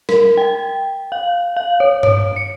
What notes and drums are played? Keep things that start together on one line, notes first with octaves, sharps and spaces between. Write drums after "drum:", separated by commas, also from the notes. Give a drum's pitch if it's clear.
A#4, drum: snare
G5
F5
F5
C#5
C#5, drum: tom G2
C#7